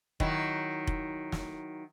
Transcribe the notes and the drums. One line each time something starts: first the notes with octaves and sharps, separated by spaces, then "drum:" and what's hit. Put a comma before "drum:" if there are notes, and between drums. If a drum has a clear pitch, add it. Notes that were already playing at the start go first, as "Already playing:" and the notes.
D#3 F#3 E4, drum: kick F1
drum: kick F1
drum: snare